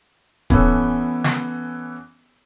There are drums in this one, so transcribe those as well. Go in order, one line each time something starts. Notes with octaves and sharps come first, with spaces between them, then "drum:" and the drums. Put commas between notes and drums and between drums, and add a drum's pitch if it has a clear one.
E3 B3 C#4 A4, drum: kick
drum: snare